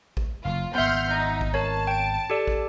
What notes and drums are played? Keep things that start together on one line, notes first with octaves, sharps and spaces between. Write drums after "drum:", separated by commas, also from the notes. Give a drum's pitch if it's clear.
drum: kick
F#1 F4
G#1 B3 E5 F#5 C6 F6 G6
D#4
drum: kick
A#4 C#5 A5
G5 D7
G4 A4 D5
drum: kick